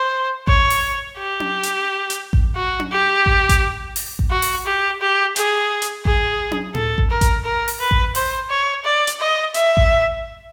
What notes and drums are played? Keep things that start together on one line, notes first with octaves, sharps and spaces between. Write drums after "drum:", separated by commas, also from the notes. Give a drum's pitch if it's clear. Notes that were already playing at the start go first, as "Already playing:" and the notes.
Already playing: C5
C#5, drum: kick A1
drum: open hi-hat
G4
drum: tom C#4
drum: hi-hat
drum: hi-hat
drum: kick A1
F#4
drum: tom C#4
G4
drum: kick A1
drum: kick A1, hi-hat
drum: open hi-hat
drum: kick A1
F#4
drum: open hi-hat
G4
G4
G#4, drum: hi-hat
drum: hi-hat
G#4, drum: kick A1
drum: tom C#4
A4, drum: tom A2
drum: kick A1
A#4
drum: kick A1, hi-hat
A#4
drum: open hi-hat
B4
drum: kick A1
C5, drum: open hi-hat
C#5
D5
drum: hi-hat
D#5
E5, drum: hi-hat
drum: kick A1